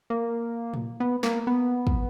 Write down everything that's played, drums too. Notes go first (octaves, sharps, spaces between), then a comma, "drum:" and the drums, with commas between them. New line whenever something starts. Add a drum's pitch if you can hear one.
A#3
drum: tom A2
B3
A#3, drum: snare
B3
drum: kick